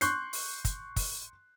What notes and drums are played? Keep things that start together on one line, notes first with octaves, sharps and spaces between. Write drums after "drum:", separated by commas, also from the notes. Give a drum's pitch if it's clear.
C6 C#6 F#6 G6 C7, drum: hi-hat
drum: open hi-hat
drum: kick, hi-hat
drum: kick, open hi-hat